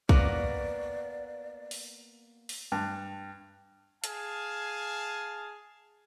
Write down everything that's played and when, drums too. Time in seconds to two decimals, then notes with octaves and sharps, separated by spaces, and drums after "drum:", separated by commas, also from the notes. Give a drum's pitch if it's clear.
0.09 A#3 B3 F#4 D5, drum: kick
1.71 drum: open hi-hat
2.49 drum: open hi-hat
2.72 G2
4.04 G#4 F5 G#5 A5, drum: hi-hat